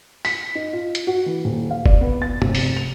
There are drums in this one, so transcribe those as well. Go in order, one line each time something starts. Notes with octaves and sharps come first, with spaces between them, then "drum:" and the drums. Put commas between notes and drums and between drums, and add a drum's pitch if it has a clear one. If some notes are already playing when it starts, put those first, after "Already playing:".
B6, drum: open hi-hat
D#4
F4
drum: hi-hat
F#4
E3
D#1
F5
D5, drum: kick E1
B3
A6
F1, drum: tom
drum: open hi-hat
F7